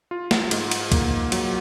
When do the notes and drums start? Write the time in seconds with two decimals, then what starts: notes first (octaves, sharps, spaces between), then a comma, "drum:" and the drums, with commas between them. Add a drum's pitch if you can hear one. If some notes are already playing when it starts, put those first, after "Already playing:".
0.11 F4
0.31 drum: snare
0.51 G#2, drum: cymbal
0.71 drum: cymbal
0.92 A#3, drum: kick, cymbal
1.32 F#3, drum: cymbal